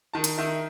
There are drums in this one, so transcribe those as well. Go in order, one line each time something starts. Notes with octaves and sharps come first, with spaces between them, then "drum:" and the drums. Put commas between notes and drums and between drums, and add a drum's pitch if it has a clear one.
D#3 A5
drum: hi-hat
D#3 E5